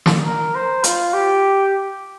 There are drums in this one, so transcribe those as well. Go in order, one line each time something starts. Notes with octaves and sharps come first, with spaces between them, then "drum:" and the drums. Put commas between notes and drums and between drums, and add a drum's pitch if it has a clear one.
drum: snare
A#4
C5
F4, drum: hi-hat
G4